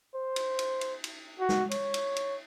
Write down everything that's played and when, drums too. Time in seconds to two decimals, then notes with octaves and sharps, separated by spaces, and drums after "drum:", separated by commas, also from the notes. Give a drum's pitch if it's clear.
0.15 C5
0.36 drum: cymbal
0.59 drum: cymbal
0.81 drum: cymbal
1.04 drum: cymbal
1.39 F#4
1.49 drum: snare
1.71 C#5, drum: cymbal
1.94 drum: cymbal
2.16 drum: cymbal